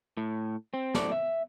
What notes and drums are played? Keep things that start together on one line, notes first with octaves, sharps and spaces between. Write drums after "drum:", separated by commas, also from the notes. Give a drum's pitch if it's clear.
A2
C4
F#2 A2 A4 D5, drum: snare
E5